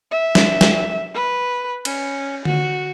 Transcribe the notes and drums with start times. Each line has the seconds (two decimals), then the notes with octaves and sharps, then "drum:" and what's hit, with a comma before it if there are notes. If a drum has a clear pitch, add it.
0.11 E5
0.35 drum: snare
0.61 drum: snare
1.14 B4
1.85 C#4, drum: cymbal
2.45 F#4, drum: tom D3